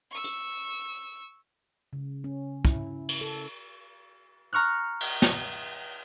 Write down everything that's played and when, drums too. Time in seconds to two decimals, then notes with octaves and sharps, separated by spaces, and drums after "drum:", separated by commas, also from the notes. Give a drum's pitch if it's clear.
0.12 C#6 E6
0.24 drum: hi-hat
1.93 C#3
2.24 C#4
2.65 E4, drum: kick
3.09 drum: cymbal
3.21 A4
4.53 A#5 C#6 F6 F#6
5.00 drum: cymbal
5.22 drum: snare